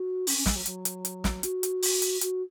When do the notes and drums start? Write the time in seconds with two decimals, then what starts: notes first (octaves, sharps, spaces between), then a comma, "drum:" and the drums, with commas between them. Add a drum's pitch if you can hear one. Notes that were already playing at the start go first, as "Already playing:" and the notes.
Already playing: F#4
0.27 C#4, drum: open hi-hat
0.37 C#4
0.46 G#3, drum: snare
0.55 F#3
0.66 F#3, drum: hi-hat
0.85 drum: hi-hat
1.05 drum: hi-hat
1.24 drum: snare
1.43 F#4, drum: hi-hat
1.63 drum: hi-hat
1.82 drum: open hi-hat
2.02 drum: hi-hat
2.21 F#4, drum: hi-hat